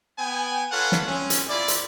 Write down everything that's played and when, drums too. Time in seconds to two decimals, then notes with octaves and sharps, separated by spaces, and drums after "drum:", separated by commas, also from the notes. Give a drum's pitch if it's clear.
0.19 B3 G5 G#5
0.72 F4 A4 B4 C#5 F5 F#5
0.92 drum: snare
1.08 C4 C#4
1.30 drum: hi-hat
1.49 E4 F4 D5
1.68 drum: hi-hat